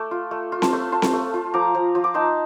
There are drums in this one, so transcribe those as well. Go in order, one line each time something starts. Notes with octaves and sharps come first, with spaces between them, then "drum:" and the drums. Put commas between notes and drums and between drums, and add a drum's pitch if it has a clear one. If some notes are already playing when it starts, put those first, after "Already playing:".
Already playing: A3 D6
F4
A3
F4
A5 C6, drum: snare C4
A3
F4 A5 C6
drum: snare C4
A3
F4
F3 A#5 D6
F3
F3
D6
D#4 A5 C6